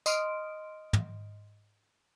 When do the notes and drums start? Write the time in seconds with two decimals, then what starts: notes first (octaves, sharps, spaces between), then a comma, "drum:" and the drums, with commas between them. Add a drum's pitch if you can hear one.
0.06 D#5 C6 D#6 F6 D7, drum: tambourine
0.93 drum: tom